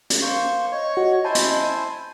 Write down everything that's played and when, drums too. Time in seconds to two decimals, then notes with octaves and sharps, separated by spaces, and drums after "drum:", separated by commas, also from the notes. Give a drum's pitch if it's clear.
0.10 drum: hi-hat
0.22 A#3 C5 C#6
0.72 C#5 D#5
0.97 F#4
1.25 E4 C5 G#5 A5
1.35 drum: hi-hat